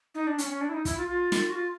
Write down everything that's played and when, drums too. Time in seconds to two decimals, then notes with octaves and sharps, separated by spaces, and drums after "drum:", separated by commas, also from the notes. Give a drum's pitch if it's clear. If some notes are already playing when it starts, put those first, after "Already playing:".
0.15 D#4
0.27 D4
0.38 C#4, drum: hi-hat
0.49 C#4
0.61 D4
0.69 E4
0.74 D#4
0.85 E4, drum: kick, hi-hat
0.97 F4
1.08 F4
1.32 drum: snare
1.50 F#4
1.55 F4